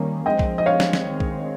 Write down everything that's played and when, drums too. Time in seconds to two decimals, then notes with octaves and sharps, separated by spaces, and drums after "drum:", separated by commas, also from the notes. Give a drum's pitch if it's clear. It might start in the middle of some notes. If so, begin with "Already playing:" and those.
Already playing: D#3 G3 A#3 C#4
0.25 F3 G#3 C4 D#5 G5
0.39 drum: kick
0.58 D#5
0.66 C#5 F5
0.80 drum: snare
0.93 drum: snare
1.07 D#3 G#3 C4
1.20 drum: kick